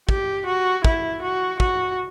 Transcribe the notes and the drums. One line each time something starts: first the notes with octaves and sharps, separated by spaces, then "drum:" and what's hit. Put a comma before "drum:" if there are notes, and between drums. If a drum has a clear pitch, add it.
G4, drum: kick
F#4
E4, drum: kick
F#4
F#4, drum: kick